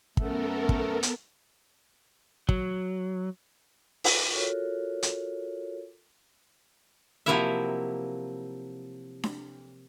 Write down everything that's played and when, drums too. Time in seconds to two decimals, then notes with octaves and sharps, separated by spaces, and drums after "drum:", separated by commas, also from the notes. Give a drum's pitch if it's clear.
0.17 F#2 A3 B3 A4 A#4, drum: kick
0.69 drum: kick
1.03 drum: hi-hat
2.49 F#3, drum: kick
4.04 drum: open hi-hat
4.33 F4 F#4 A4 A#4 C#5
5.03 drum: hi-hat
7.26 C3 F3 F#3 A#3 E4 E5
9.24 drum: snare D4